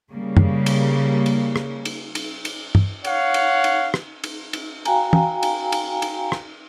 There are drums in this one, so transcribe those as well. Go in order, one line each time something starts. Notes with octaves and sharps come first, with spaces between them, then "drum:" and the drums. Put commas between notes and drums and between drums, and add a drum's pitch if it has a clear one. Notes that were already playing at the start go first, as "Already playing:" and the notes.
C#3 G3 A#3
drum: tom F#2
drum: cymbal
drum: cymbal
drum: rim click
drum: cymbal
drum: cymbal
drum: cymbal
drum: tom
C#5 F5 F#5, drum: cymbal
drum: cymbal
drum: cymbal
drum: rim click
drum: cymbal
drum: cymbal
F#4 F5 G5 G#5 A#5, drum: cymbal
drum: tom
drum: cymbal
drum: cymbal
drum: cymbal
drum: rim click